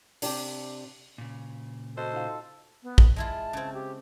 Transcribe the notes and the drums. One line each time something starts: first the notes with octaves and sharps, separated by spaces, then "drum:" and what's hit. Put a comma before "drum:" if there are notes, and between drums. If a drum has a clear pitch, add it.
C3 D4 G4, drum: open hi-hat
A#2 C#3
F#4 A4 B4 C5 D#5
D#4 F4 F5
B3
drum: kick
G#3 E4 F4 A5
C#3 C4
G4